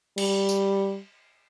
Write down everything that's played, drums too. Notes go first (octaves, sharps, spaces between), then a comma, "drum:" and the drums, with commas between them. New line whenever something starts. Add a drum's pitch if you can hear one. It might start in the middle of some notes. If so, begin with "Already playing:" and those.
G3, drum: cymbal
drum: tambourine